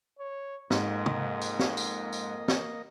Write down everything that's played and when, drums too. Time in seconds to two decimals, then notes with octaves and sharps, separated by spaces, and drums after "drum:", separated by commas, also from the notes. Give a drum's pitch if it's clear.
0.19 C#5
0.70 F2 G#2 A#3 D#5, drum: snare
1.06 drum: tom
1.42 drum: tambourine
1.59 drum: snare
1.77 drum: tambourine
2.13 drum: tambourine
2.48 drum: snare